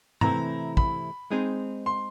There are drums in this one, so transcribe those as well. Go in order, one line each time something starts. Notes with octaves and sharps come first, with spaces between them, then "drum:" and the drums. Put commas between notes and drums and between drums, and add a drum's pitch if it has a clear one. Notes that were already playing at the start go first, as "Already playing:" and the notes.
C3 E3 A3 C4 E4 A#5, drum: tom G#2
B5, drum: kick
G#3 C4 D#4 G#4
C6